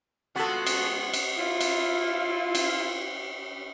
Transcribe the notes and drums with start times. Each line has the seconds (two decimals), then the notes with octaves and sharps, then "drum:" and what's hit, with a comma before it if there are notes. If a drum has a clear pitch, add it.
0.36 G#3 B3 F4 F#4 G#4 A4 F#5
0.66 drum: cymbal
1.14 drum: cymbal
1.37 E4 F4
1.61 drum: cymbal
2.55 drum: cymbal